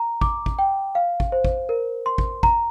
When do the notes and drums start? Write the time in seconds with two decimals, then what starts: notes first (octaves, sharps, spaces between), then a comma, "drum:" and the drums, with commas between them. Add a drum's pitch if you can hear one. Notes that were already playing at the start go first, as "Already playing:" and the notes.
Already playing: A#5
0.21 D6, drum: kick
0.46 drum: kick
0.59 G5
0.95 F5
1.20 drum: kick
1.32 C5
1.45 drum: kick
1.69 A#4
2.06 C6
2.18 drum: kick
2.43 A#5, drum: kick